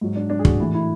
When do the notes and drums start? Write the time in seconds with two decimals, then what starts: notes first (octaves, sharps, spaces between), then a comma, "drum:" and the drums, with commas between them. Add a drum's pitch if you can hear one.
0.01 G#2 F#3
0.16 D4
0.30 D4
0.39 G#4
0.45 F#4, drum: kick
0.60 A2 E3 E4
0.74 E4